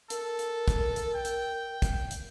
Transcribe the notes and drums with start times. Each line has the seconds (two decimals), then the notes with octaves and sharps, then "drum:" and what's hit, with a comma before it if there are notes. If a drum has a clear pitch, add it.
0.10 A4 A#4, drum: hi-hat
0.39 drum: hi-hat
0.68 drum: kick, hi-hat
0.96 drum: hi-hat
1.14 G5
1.25 drum: hi-hat
1.82 drum: kick, hi-hat
2.11 drum: hi-hat